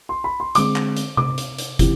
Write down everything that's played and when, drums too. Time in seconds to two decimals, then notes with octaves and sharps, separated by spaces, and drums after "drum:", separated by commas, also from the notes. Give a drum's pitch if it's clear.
0.09 C6
0.24 B5
0.40 C6
0.55 D3 G#3 C4 D6, drum: hi-hat
0.76 drum: clap
0.97 drum: hi-hat
1.17 D6, drum: tom C3
1.38 drum: hi-hat
1.58 drum: hi-hat
1.79 C3 E3, drum: kick, hi-hat